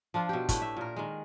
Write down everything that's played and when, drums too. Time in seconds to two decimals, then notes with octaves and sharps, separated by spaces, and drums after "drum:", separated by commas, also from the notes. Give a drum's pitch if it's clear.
0.14 F3 D4 F4
0.29 B2 G4
0.49 A2 A3 E4 B4, drum: kick, hi-hat
0.62 E5
0.77 A#2 A#4
0.96 D#3 G#3